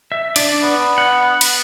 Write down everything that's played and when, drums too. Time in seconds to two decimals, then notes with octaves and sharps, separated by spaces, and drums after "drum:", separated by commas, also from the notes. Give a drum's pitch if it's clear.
0.12 E5
0.36 D4 D5 D6, drum: cymbal
0.63 B3
0.98 F#5
1.41 drum: cymbal